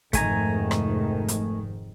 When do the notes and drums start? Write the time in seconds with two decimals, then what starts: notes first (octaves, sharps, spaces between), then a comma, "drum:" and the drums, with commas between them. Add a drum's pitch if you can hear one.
0.13 F1 G#2 D#3 A3 G#5 A#5, drum: kick, hi-hat
0.71 drum: rim click
1.28 drum: hi-hat